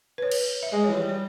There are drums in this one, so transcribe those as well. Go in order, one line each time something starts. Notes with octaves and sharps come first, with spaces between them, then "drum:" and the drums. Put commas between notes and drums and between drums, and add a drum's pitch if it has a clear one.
B4
C#5
drum: cymbal
E5
G#3 D#5
C#5
E3
G3 C#5
C#5